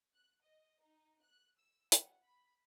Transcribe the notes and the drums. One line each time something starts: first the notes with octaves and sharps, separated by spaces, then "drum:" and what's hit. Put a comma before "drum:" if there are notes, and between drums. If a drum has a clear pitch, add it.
F#6
D#5
D#4
F#6
E6
F#5, drum: hi-hat
B5